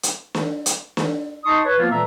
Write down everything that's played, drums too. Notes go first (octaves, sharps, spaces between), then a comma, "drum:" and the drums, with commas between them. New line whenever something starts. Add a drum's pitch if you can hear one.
drum: hi-hat
drum: snare
drum: hi-hat
drum: snare
D#4 D#5 A5 C6 C#6 D#6
B4 C#5
F3 A#3 B3 F4
A#2 E3 G3 A4 E5 A#5